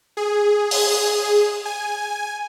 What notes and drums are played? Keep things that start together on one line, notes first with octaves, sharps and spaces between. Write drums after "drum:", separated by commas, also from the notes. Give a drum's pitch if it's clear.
G#4
drum: open hi-hat
G#5